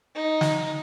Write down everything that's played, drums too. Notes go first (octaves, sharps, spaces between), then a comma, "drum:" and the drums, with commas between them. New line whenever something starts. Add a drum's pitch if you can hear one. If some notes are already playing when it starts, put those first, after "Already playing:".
D#4
drum: snare